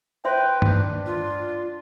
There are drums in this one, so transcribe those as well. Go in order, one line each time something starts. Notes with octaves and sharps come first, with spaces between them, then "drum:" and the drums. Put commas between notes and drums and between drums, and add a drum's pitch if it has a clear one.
B4 C5 E5 G5 C6
D4, drum: tom G2
F4